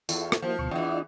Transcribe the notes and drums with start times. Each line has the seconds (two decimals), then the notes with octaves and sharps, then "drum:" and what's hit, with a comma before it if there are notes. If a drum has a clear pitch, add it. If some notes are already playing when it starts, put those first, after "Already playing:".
0.09 E2 E4 F4 A4, drum: tambourine
0.32 drum: rim click
0.42 F3 A#3 E4 F#4
0.59 D2 B2 C#6
0.71 E2 E3 D4 F4 D#5